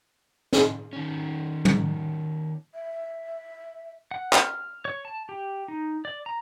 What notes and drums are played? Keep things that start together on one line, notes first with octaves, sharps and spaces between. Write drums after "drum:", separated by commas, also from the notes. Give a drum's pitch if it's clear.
drum: snare
D#3 C#4
drum: tom
E5
F#5
drum: clap
F6
C#5
A5
G4
D#4
D5
A#5